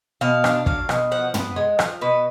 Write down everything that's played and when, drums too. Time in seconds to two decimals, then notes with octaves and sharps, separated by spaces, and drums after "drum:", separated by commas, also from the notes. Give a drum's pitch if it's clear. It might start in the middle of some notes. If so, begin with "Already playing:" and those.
0.21 B2 F5
0.44 D4, drum: rim click
0.66 F#3 F5, drum: kick
0.89 B2, drum: rim click
1.11 F3 F#5
1.34 B3, drum: tom
1.56 G#3
1.79 F3, drum: rim click
2.01 B2 B4